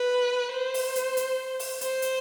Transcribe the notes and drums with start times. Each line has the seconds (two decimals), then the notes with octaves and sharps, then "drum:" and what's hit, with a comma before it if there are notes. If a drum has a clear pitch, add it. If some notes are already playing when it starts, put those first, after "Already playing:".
Already playing: B4
0.53 C5
0.74 drum: open hi-hat
0.95 drum: hi-hat
1.17 drum: hi-hat
1.59 drum: open hi-hat
1.81 C5, drum: hi-hat
2.02 drum: hi-hat